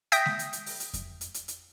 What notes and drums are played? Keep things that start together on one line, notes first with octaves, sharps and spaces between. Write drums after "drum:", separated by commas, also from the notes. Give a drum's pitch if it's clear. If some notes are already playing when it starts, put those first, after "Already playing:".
E5 G5 D#6 G6 A#6 B6, drum: hi-hat
drum: snare G#3
drum: hi-hat
drum: hi-hat
drum: open hi-hat
drum: hi-hat
drum: kick F2, hi-hat
drum: hi-hat
drum: hi-hat
drum: hi-hat